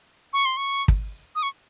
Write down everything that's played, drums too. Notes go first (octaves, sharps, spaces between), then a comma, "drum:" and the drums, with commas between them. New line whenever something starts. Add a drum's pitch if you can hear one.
C#6
C6
C#6
drum: kick
D#6
C#6